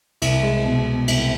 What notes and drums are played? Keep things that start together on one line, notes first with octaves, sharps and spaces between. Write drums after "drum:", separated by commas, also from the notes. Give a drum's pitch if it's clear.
C2, drum: cymbal
G#3
B2
B2
C2, drum: cymbal